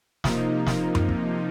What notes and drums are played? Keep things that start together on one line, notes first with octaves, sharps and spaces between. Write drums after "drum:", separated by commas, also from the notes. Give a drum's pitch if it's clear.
C3 F3 A#3 D#4, drum: snare
drum: snare
drum: tom F#2
drum: kick